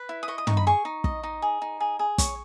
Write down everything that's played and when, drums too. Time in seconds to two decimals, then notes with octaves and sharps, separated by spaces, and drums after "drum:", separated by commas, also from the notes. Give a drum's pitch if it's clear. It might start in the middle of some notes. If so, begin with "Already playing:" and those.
Already playing: B4
0.09 E4
0.23 D#6
0.28 D#5 C#6
0.38 D#6
0.47 D#4 C#6, drum: tom
0.57 B5
0.67 G#4 C#6
0.85 D#4
1.04 D#5, drum: kick
1.23 D#4
1.42 G#4
1.62 D#4
1.80 G#4
1.99 G#4
2.18 C#5 C#6, drum: kick, hi-hat